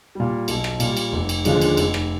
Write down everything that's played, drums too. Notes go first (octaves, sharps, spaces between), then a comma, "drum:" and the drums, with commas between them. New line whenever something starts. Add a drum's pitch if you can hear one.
A#2 G3
B1, drum: cymbal
drum: rim click
A#2 G3, drum: cymbal
drum: cymbal
F1
drum: cymbal
D#2 D3 F3 G#3, drum: cymbal
drum: cymbal
F1, drum: cymbal
drum: rim click